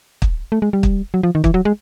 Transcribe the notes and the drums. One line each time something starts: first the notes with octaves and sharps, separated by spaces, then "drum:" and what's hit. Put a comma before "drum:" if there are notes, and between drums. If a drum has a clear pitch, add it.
drum: kick
A3
G#3
G3
drum: kick
F#3
F3
D#3
E3, drum: kick
F#3
G#3